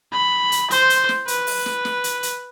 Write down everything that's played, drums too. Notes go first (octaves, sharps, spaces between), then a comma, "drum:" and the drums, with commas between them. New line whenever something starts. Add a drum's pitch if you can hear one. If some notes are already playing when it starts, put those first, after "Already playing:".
B5
drum: hi-hat
C5, drum: hi-hat
drum: hi-hat
drum: snare
B4, drum: hi-hat
drum: open hi-hat
drum: snare
drum: snare
drum: hi-hat
drum: hi-hat